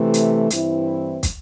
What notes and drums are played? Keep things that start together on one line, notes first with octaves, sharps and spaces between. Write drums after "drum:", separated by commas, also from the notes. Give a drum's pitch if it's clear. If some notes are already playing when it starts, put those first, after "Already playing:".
Already playing: C3 E3 A3
drum: hi-hat
G2 E3 C4 E4, drum: hi-hat
drum: kick, hi-hat